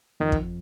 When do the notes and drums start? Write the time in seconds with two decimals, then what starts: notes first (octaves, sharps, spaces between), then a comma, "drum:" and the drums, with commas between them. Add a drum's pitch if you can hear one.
0.20 F2 D#3
0.32 drum: kick